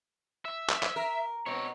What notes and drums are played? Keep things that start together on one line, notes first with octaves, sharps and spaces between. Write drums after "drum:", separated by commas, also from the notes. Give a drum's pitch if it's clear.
E5
drum: clap
drum: clap
A#4
B2 C4 C#5